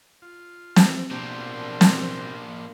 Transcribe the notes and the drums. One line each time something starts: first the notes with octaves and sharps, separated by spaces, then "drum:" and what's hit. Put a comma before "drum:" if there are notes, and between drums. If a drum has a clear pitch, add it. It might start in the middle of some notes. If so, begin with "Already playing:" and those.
F4
drum: snare
B2 A#3 C4 D4 G4 C6
drum: snare